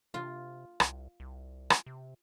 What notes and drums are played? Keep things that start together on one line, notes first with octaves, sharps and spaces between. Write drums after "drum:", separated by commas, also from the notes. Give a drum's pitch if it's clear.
C3 F4
C2, drum: rim click
C2
drum: rim click
C3